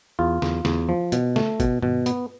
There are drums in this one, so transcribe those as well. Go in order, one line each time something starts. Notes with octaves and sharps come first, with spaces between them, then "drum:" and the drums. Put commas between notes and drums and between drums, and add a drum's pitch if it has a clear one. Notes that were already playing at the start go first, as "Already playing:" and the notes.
E2 F4
E2, drum: snare
E2, drum: snare
F3
B2, drum: hi-hat
A3, drum: snare
B2, drum: kick G1, hi-hat
B2, drum: tom G2
B3, drum: hi-hat